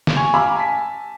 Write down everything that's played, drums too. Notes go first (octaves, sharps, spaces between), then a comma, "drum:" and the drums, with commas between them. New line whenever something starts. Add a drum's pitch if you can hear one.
drum: snare
G#5 C#6 G#6 F7
F5 G#5 A#5 B5 D6 E6
G#5 A5 B6